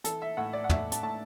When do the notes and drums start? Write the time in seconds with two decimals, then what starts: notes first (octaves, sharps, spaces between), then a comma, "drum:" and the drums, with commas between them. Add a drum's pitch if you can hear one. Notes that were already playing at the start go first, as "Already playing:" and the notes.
0.04 E3 A4, drum: hi-hat
0.22 E5
0.37 A2 F#5
0.53 D5
0.64 F#5
0.69 A2 E5, drum: tom
0.92 A5, drum: hi-hat
1.03 A2 A5